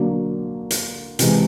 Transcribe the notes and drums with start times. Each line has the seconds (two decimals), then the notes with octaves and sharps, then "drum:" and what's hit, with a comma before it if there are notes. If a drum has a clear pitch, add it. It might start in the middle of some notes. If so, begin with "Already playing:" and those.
Already playing: D3 F#3 A#3
0.71 drum: hi-hat
1.19 C3 E3 G#3, drum: hi-hat